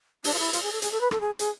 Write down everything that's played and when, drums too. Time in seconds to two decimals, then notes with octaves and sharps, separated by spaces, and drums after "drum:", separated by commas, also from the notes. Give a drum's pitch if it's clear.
0.24 D4, drum: open hi-hat
0.34 F4
0.39 E4
0.53 F4, drum: hi-hat
0.62 G#4
0.72 A4
0.82 G#4, drum: hi-hat
0.92 A4
1.01 B4
1.11 A4, drum: rim click
1.21 G#4
1.39 G#4, drum: hi-hat